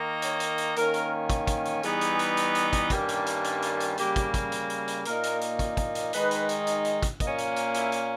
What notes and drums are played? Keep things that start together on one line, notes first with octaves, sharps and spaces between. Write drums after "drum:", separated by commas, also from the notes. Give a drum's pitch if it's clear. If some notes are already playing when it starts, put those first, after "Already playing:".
Already playing: D#3 A#3 D#4
C#5, drum: hi-hat
drum: hi-hat
drum: hi-hat
D#3 A#3 C#4 A#4, drum: hi-hat
drum: hi-hat
drum: kick, hi-hat
drum: kick, hi-hat
drum: hi-hat
E3 G3 B3 D#4 G#4, drum: hi-hat
drum: hi-hat
drum: hi-hat
drum: hi-hat
drum: hi-hat
drum: kick, hi-hat
G2 D#3 G3 A#3 C#4 G4, drum: kick, hi-hat
drum: hi-hat
drum: hi-hat
drum: hi-hat
drum: hi-hat
drum: hi-hat
C#3 G3 A#3 G4, drum: hi-hat
drum: kick, hi-hat
drum: kick, hi-hat
drum: hi-hat
drum: hi-hat
drum: hi-hat
A#2 A#3 D#4 A#4, drum: hi-hat
drum: hi-hat
drum: hi-hat
drum: kick, hi-hat
drum: kick, hi-hat
drum: hi-hat
D#3 G#3 D#4 B4, drum: hi-hat
drum: hi-hat
drum: hi-hat
drum: hi-hat
drum: hi-hat
drum: kick, hi-hat
A#2 A#3 C#4 D#5, drum: kick, hi-hat
drum: hi-hat
drum: hi-hat
E4, drum: hi-hat
drum: hi-hat